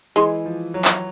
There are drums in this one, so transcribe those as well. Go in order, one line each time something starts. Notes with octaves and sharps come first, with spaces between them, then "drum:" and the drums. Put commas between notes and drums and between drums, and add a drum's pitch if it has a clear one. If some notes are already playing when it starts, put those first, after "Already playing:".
E3 G#3
F3
F#3
drum: clap